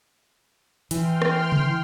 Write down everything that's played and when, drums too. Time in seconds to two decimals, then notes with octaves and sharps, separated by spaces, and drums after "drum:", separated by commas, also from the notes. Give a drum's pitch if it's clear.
0.91 E3 G5 C6 F6, drum: hi-hat
1.22 drum: rim click
1.52 drum: tom C#3